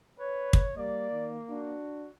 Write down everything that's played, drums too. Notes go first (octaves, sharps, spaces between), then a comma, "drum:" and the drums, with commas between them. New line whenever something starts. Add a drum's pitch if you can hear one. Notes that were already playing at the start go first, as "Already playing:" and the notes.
B4 C#5
drum: kick
G3 A#3 D5
D#3
D4 F#4